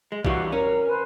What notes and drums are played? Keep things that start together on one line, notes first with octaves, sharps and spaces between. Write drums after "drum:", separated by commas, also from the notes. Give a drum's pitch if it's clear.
G#3
E3 G3 F#4 F5 C#6, drum: kick
C#4 A#4 A#5
B4 C5 G#5